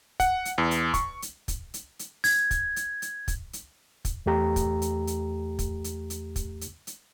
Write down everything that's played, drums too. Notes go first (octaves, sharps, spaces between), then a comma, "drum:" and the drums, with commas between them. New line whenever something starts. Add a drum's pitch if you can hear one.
F#5, drum: kick, hi-hat
drum: hi-hat
E2
drum: hi-hat
C#6, drum: kick, hi-hat
drum: hi-hat
drum: kick, hi-hat
drum: hi-hat
drum: hi-hat
G#6, drum: open hi-hat
drum: kick, hi-hat
drum: hi-hat
drum: hi-hat
drum: kick, hi-hat
drum: hi-hat
drum: kick, hi-hat
E2 A3 G4 A#5
drum: kick, hi-hat
drum: hi-hat
drum: hi-hat
drum: kick, hi-hat
drum: hi-hat
drum: hi-hat
drum: kick, hi-hat
drum: hi-hat
drum: hi-hat